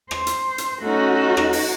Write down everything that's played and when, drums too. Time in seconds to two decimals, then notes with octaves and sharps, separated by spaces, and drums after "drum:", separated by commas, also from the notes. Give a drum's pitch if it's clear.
0.11 C5, drum: rim click
0.27 drum: hi-hat
0.58 drum: hi-hat
0.81 A3 C#4 D#4 F#4
1.37 drum: rim click
1.53 drum: open hi-hat